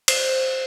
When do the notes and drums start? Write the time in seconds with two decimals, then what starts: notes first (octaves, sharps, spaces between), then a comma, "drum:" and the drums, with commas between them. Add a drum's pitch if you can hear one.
0.08 C5, drum: cymbal